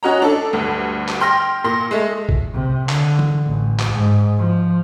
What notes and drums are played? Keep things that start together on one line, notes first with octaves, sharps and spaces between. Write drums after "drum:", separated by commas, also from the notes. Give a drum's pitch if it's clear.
C#4 F#4 D#5 A#5
D4 A4
D2 G2
drum: clap
G5 C6 F6 A#6
A#2 C6 A#6
G#3 A3
drum: kick
C3
D3, drum: clap
drum: tom
A1
drum: clap
G#2
F3